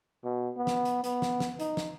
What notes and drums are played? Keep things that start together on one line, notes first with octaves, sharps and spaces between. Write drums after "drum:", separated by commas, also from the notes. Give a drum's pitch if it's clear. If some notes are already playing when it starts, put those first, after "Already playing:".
B2
B3
drum: snare
drum: hi-hat
B3, drum: hi-hat
drum: snare
drum: snare
D#4, drum: hi-hat
drum: snare